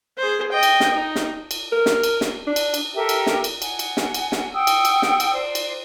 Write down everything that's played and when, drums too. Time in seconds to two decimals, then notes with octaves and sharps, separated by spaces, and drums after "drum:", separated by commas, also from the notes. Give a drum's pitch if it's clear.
0.18 G#4 C5
0.52 D#5 G5
0.63 drum: cymbal
0.80 drum: snare
0.94 D#4
1.16 drum: snare
1.51 drum: cymbal
1.72 A#4
1.86 drum: snare
2.03 drum: cymbal
2.21 drum: snare
2.47 D4
2.56 drum: cymbal
2.74 drum: cymbal
2.94 G4 A4 A#4 E5
3.09 drum: cymbal
3.27 drum: snare
3.44 drum: cymbal
3.62 F#5 G#5, drum: cymbal
3.79 drum: cymbal
3.97 drum: snare
4.14 drum: cymbal
4.32 drum: snare
4.54 F#5 G5 D#6 E6
4.67 drum: cymbal
4.85 drum: cymbal
5.02 drum: snare
5.20 drum: cymbal
5.33 C5 D5
5.55 drum: cymbal